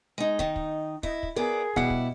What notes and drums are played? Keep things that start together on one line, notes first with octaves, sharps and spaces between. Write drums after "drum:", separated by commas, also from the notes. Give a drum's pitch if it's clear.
G#3 D#4
D#3 D#4, drum: kick
drum: kick
E4 D#5, drum: kick
drum: kick
B3 G#4 A#4 D5
B2 G3 E4 F#5 C#7, drum: kick
drum: kick